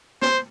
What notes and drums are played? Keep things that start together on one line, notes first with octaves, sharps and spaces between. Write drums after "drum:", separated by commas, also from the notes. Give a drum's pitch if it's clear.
C5, drum: snare